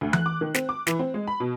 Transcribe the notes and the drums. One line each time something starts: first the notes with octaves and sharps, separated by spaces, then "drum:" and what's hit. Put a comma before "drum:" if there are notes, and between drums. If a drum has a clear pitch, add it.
D2
F#6, drum: tom E3
D6
D#3
C4, drum: snare
D6
E3, drum: snare
C4
G#3
B5
B2